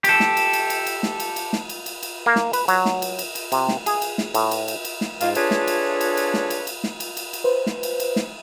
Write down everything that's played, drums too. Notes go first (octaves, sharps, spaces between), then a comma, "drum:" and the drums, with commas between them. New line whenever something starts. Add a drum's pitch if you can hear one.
G4 A4, drum: cymbal
drum: snare
drum: cymbal
drum: cymbal
drum: cymbal
drum: cymbal
drum: snare
drum: cymbal
drum: cymbal
drum: snare
drum: cymbal
drum: cymbal
drum: cymbal
A#3
drum: snare
B4, drum: cymbal
F#3, drum: cymbal
drum: snare
drum: cymbal
drum: cymbal
drum: cymbal
C3, drum: cymbal
drum: snare
G#4, drum: cymbal
drum: cymbal
drum: snare
A2, drum: cymbal
drum: cymbal
drum: cymbal
drum: cymbal
drum: snare
G#2 F4, drum: cymbal
D4 F4 G#4 A4 B4 C#5, drum: cymbal
drum: snare
drum: cymbal
drum: cymbal
drum: cymbal
drum: snare
drum: cymbal
drum: cymbal
drum: snare
drum: cymbal
drum: cymbal
drum: cymbal
B4 C5
drum: snare
drum: cymbal
drum: cymbal
drum: snare